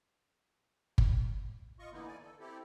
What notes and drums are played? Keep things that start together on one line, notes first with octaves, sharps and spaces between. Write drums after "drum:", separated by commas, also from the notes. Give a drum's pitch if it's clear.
drum: kick G1
F4 D#5 C#6
D3 E3 A#3 B3 D#4 E4
D5 G#5
A4
C4 E4 G4 A4